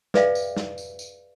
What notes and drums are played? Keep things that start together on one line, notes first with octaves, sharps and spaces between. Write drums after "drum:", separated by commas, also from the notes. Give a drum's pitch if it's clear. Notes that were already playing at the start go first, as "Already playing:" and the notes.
G#4 B4 D5 E5 F5 G5, drum: snare
drum: tambourine
drum: snare
drum: tambourine
drum: tambourine